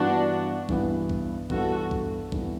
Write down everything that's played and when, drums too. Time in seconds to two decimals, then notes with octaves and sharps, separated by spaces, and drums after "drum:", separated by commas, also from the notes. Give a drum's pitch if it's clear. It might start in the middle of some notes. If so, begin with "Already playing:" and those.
Already playing: G2 E3 B3 D4 F#4
0.69 G2 E3 B3, drum: kick B1
1.10 drum: kick B1
1.50 G2 E3 B3 F#4 A4, drum: kick B1
1.91 drum: kick B1
2.32 G2 E3 B3, drum: kick B1